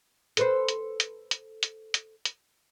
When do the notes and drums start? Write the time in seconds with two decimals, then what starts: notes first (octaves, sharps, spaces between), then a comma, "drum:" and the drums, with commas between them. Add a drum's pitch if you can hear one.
0.37 A4 B4 C5, drum: hi-hat
0.69 drum: hi-hat
1.00 drum: hi-hat
1.31 drum: hi-hat
1.63 drum: hi-hat
1.94 drum: hi-hat
2.25 drum: hi-hat